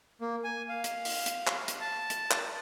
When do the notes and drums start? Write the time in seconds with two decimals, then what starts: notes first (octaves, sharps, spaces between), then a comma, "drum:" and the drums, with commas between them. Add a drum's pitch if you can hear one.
0.21 A#3
0.44 G#5
0.69 F5
0.84 drum: hi-hat
1.05 drum: open hi-hat
1.26 drum: hi-hat
1.47 drum: clap
1.68 drum: hi-hat
1.80 A5
2.10 drum: hi-hat
2.31 drum: clap